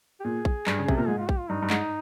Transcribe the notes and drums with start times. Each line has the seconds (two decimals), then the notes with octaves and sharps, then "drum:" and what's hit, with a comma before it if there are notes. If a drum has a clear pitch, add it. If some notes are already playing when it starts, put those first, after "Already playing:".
0.20 G4
0.25 A#2 G#4
0.45 drum: kick A#1
0.67 G2, drum: clap
0.79 C#3
0.88 C3, drum: kick A#1
0.98 A#2 A#4
1.07 G#2 G#4
1.18 F4
1.29 G4, drum: kick A#1
1.39 F4
1.49 G2 D#4
1.62 G2
1.70 G#2, drum: clap